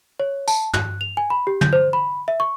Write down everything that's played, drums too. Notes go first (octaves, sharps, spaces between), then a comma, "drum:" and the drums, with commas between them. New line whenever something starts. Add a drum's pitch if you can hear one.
C#5
A5, drum: tambourine
F#6, drum: tom
F7
G#5
B5
G4
G6, drum: tom
C5
B5
E5
C#6